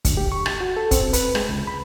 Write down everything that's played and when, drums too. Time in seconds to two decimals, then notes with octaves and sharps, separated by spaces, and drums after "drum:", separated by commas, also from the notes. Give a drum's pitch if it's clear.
0.05 D2, drum: kick, hi-hat
0.17 G4
0.32 C#6
0.46 A6, drum: rim click
0.61 F#4
0.77 A4
0.91 C4, drum: kick, hi-hat
1.13 B4, drum: hi-hat
1.35 G#3, drum: rim click
1.49 C#2
1.67 B5